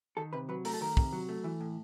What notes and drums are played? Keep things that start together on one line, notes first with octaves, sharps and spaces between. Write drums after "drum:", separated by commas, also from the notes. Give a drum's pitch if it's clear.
D#3 A4
C3 B4
F#3 B4
A3 A#4, drum: open hi-hat
A4
D#3 A#4
C3, drum: kick
F#3
A3
E3
A2